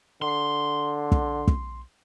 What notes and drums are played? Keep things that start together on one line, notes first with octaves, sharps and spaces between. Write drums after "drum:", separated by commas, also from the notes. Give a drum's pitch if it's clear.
D3 C6
drum: kick
drum: kick